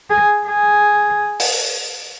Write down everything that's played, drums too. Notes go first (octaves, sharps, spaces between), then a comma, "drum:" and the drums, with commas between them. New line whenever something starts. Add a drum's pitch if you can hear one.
G#4
G#4
drum: open hi-hat